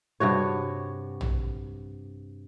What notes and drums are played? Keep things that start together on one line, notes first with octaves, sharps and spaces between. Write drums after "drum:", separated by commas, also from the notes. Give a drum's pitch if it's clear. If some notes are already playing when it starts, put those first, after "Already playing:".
G2 C3 F#4 C#5
drum: tom A#1